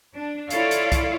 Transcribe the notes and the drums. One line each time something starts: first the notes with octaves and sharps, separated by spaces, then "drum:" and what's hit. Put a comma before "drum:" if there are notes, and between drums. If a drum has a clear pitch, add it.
D4
E4 F4 A4 C#5 D5 F5, drum: hi-hat
drum: hi-hat
drum: kick, hi-hat